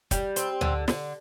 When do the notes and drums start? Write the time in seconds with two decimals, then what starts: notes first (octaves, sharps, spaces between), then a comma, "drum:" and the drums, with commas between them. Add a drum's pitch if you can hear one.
0.11 G3, drum: kick, hi-hat
0.36 C4, drum: hi-hat
0.61 D3, drum: tom D2
0.88 D3, drum: snare